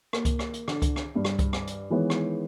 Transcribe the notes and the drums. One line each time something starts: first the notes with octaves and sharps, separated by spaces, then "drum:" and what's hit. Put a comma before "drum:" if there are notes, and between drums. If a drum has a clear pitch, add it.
A#3, drum: rim click
drum: kick C#2, hi-hat
drum: rim click
drum: hi-hat
D3, drum: rim click
drum: kick C#2, hi-hat
drum: rim click
G2
drum: rim click
drum: kick C#2, hi-hat
drum: rim click
drum: hi-hat
D#3 E3 G#3 B3 C#5
drum: rim click